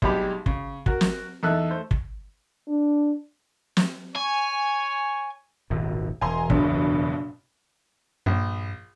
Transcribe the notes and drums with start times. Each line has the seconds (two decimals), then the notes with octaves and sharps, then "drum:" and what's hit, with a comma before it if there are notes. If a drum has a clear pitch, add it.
0.02 B1 G3 G#3 G4 B5 D6, drum: kick
0.46 C#3, drum: kick
0.86 F#4 A#4, drum: kick
1.01 drum: snare
1.43 E2 D#4 A4 E5 F#6
1.70 A3 C5
1.91 drum: kick
2.68 D4
3.77 drum: snare
4.16 C#5 G#5
5.70 D#1 G#1 B2
6.21 E1 G#5 A#5 C6
6.50 F#1 G2 B2, drum: kick
8.26 A#1 G2